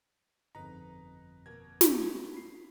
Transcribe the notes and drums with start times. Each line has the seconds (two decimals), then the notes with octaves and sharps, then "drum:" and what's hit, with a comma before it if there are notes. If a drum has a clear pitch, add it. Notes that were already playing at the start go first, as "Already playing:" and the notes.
0.55 G1 F2 D#4 B4 A#5
1.46 B2 A#3 G#6
1.81 G#6 B6, drum: snare
2.34 B5 C7